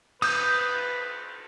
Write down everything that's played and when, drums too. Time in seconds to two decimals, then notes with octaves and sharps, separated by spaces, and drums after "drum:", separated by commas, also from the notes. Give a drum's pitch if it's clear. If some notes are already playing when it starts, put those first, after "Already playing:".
0.22 B4 D#6 G6, drum: cymbal